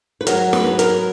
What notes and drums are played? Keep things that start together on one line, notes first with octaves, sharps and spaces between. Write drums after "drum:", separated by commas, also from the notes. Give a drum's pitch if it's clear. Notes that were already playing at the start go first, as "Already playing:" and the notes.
B4
F#3 A#4, drum: hi-hat
B4, drum: snare
B3
A#4, drum: hi-hat